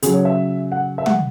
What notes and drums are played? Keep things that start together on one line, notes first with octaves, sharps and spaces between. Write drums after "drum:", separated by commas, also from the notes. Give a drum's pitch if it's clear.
C#3 F#3 G#4, drum: hi-hat
C#5
E5
F#5
E5
F#5, drum: tom